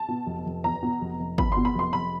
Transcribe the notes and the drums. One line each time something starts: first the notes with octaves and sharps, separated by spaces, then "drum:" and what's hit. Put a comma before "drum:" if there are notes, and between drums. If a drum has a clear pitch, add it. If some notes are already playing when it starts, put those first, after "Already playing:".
Already playing: A5
B2
F1
F1
E2 A#5
B2
F1
F1
E2 B5, drum: kick
B2 C6
B5
F1 C6
F1 B5